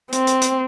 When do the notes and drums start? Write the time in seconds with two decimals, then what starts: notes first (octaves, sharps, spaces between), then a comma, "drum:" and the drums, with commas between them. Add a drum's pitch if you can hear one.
0.12 C4, drum: hi-hat
0.27 drum: hi-hat
0.41 drum: hi-hat